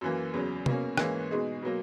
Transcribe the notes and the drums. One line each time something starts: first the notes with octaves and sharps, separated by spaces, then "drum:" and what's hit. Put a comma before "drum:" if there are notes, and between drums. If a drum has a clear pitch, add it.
F#2 E3 A#3
E2 C#3 F#3
B2 A#3 C#4, drum: tom C3
G#2 E3 A#3 C#4, drum: rim click
B2 G#3 D#4 G#4
B2 F#3 A#3